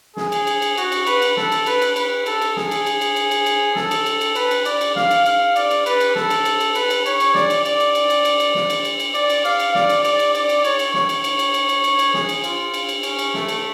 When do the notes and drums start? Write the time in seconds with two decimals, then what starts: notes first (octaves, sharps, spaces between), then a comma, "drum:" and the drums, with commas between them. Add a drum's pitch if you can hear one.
0.17 G#4, drum: snare
0.32 drum: cymbal
0.47 drum: cymbal
0.62 drum: cymbal
0.78 F#4, drum: cymbal
0.92 drum: cymbal
1.07 B4, drum: cymbal
1.22 drum: cymbal
1.37 A4, drum: snare
1.52 drum: cymbal
1.66 B4, drum: cymbal
1.82 drum: cymbal
1.96 B4, drum: cymbal
2.26 A4, drum: cymbal
2.41 drum: cymbal
2.57 G#4, drum: snare
2.71 drum: cymbal
2.86 drum: cymbal
3.01 drum: cymbal
3.16 drum: cymbal
3.31 drum: cymbal
3.46 drum: cymbal
3.76 A4, drum: snare
3.91 drum: cymbal
4.06 drum: cymbal
4.21 drum: cymbal
4.36 B4, drum: cymbal
4.51 drum: cymbal
4.65 D5, drum: cymbal
4.81 drum: cymbal
4.96 F5, drum: snare
5.11 drum: cymbal
5.26 F5, drum: cymbal
5.56 D5, drum: cymbal
5.71 drum: cymbal
5.86 B4, drum: cymbal
6.01 drum: cymbal
6.15 A4, drum: snare
6.30 drum: cymbal
6.45 drum: cymbal
6.60 drum: cymbal
6.75 B4, drum: cymbal
6.90 drum: cymbal
7.06 C#5, drum: cymbal
7.20 drum: cymbal
7.35 D5, drum: snare
7.50 drum: cymbal
7.65 D5, drum: cymbal
7.80 drum: cymbal
7.95 drum: cymbal
8.10 drum: cymbal
8.25 drum: cymbal
8.40 drum: cymbal
8.55 drum: snare
8.70 drum: cymbal
8.85 drum: cymbal
9.00 drum: cymbal
9.15 D5, drum: cymbal
9.30 drum: cymbal
9.45 F5, drum: cymbal
9.60 drum: cymbal
9.75 D5, drum: snare
9.89 drum: cymbal
10.05 D5, drum: cymbal
10.19 drum: cymbal
10.35 D5, drum: cymbal
10.49 drum: cymbal
10.64 C#5, drum: cymbal
10.79 drum: cymbal
10.94 C#5, drum: snare
11.09 drum: cymbal
11.24 drum: cymbal
11.39 drum: cymbal
11.54 drum: cymbal
11.69 drum: cymbal
11.84 drum: cymbal
11.99 drum: cymbal
12.14 G#4, drum: snare
12.29 drum: cymbal
12.44 F4, drum: cymbal
12.74 drum: cymbal
12.89 drum: cymbal
13.03 C#4, drum: cymbal
13.19 drum: cymbal
13.34 A3, drum: snare
13.48 drum: cymbal